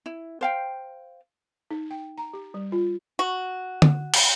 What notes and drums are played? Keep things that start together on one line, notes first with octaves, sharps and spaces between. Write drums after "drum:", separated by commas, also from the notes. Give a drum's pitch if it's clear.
E4
C5 F5 G5
D#4
G5
A#5
G4
G3
F4
F#4
drum: tom
drum: cymbal